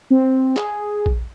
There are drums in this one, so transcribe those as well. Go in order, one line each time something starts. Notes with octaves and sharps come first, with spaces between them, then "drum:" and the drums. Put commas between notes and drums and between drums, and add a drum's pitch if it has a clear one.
C4
G#4, drum: clap
drum: kick A#1